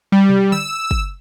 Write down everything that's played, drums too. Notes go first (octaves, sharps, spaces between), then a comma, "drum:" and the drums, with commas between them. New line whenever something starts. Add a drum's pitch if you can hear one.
G3
drum: tom
E6, drum: tom D3
drum: kick